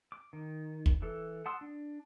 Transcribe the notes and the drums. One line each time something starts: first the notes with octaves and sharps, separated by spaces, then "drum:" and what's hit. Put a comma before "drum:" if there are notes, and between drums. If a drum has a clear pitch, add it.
D6
D#3
drum: kick
E3 A4
F#5 A5 C6 D#6 E6
D4